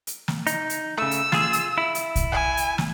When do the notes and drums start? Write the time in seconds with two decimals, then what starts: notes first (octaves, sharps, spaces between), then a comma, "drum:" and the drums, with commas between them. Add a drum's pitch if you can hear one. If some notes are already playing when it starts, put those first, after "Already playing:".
0.07 drum: hi-hat
0.28 drum: snare
0.47 D#4, drum: hi-hat
0.70 drum: hi-hat
0.98 C#3 A3 E6
1.11 drum: hi-hat
1.32 F4 G#4, drum: snare
1.53 drum: hi-hat
1.78 E4
1.95 drum: hi-hat
2.16 drum: kick B1, hi-hat
2.32 G#5
2.57 drum: hi-hat
2.78 drum: snare